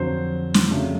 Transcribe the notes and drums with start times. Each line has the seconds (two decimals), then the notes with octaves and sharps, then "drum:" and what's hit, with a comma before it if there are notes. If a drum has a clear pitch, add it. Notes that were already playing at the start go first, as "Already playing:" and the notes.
Already playing: F2 D3 F#3 C5
0.54 drum: snare
0.71 F2 C#3 F#3 A3 D4